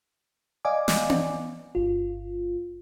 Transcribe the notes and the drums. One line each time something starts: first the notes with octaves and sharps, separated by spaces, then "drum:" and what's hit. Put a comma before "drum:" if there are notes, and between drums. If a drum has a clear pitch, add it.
D5 D#5 F5 G#5 D6
drum: snare
drum: tom B3
G1 F4